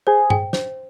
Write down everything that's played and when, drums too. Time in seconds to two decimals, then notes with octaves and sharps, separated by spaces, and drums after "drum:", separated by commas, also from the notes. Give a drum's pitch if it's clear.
0.07 G#4 C5
0.30 G5, drum: tom G2
0.53 C5, drum: snare